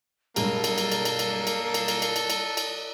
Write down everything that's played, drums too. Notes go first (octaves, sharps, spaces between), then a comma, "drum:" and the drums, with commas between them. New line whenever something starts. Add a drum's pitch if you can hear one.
B1 G2 G#3 A#3 A4 A#4, drum: cymbal
drum: cymbal
drum: cymbal
drum: cymbal
drum: cymbal
drum: cymbal
drum: cymbal
drum: cymbal
drum: cymbal
drum: cymbal
drum: cymbal
drum: cymbal
drum: cymbal